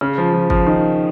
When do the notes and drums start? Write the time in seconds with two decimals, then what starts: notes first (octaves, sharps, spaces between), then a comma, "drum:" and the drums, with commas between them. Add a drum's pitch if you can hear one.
0.01 C#3
0.18 F3
0.34 F3
0.50 F3, drum: kick
0.66 D#3